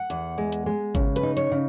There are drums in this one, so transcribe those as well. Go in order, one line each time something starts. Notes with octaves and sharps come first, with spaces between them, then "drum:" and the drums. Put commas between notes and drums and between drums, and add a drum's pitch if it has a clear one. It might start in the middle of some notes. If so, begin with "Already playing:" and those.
Already playing: F#5
E2, drum: hi-hat
G#3
drum: hi-hat
G#3
C#3, drum: kick G#1, hi-hat
B4, drum: hi-hat
D#4
C#5, drum: hi-hat
C#3